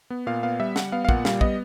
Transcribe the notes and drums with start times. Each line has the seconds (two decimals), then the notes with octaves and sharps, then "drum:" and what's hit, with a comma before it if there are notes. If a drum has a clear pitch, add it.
0.10 B3
0.27 A#2 F5
0.43 B3 F5
0.60 G3 E5
0.76 G3 F#5, drum: snare
0.92 B3 F5
1.05 F5
1.09 A#2 F#5, drum: kick
1.25 G3 F5, drum: snare
1.41 B3 D#5, drum: kick